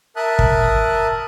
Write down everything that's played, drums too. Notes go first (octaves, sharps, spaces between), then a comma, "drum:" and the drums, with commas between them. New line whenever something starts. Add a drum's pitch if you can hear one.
A#4 E5 A5 D#6 F#6
drum: kick